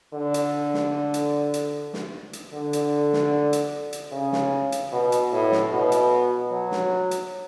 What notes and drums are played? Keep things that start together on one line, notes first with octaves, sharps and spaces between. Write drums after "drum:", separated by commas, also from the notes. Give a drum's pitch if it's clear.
D3
drum: hi-hat
drum: snare
drum: hi-hat
drum: hi-hat
drum: snare
drum: hi-hat
D3
drum: hi-hat
drum: snare
drum: hi-hat
drum: hi-hat
C#3
drum: snare
drum: hi-hat
B2
drum: hi-hat
A2
drum: snare
B2
drum: hi-hat
F#3
drum: snare
drum: hi-hat